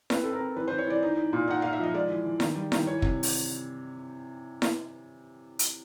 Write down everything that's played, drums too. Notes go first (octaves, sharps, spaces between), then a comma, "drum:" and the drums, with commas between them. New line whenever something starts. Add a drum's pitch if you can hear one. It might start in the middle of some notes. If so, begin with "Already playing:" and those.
C4 B4, drum: snare E4
C4 A4
A#4
C4
E3 B4
E3 C5
C#5
E3 D5
D#4
D#4
A#2
D#4 F#5
A#2 F5
E5
F3 D#5
G#3 D5
E3
E3
D#3, drum: snare E4
G3
D#3, drum: snare E4
E3 C#5
C3, drum: kick
drum: open hi-hat
drum: snare E4
drum: hi-hat